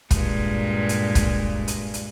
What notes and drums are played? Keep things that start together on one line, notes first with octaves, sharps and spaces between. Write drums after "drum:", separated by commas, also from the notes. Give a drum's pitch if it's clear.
G2 A#2 G#3, drum: kick, hi-hat
drum: hi-hat
drum: kick, hi-hat
drum: hi-hat
drum: hi-hat